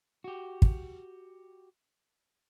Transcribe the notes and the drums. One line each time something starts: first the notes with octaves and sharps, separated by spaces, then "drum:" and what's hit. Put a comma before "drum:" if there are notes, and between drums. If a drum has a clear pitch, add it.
F#4 G4
drum: kick